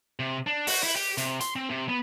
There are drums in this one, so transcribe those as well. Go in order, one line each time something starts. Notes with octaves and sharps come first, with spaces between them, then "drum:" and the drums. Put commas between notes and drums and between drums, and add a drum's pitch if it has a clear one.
C3
D4
F#4, drum: open hi-hat
E4
G4
C3, drum: hi-hat
C6, drum: hi-hat
C4
C3
B3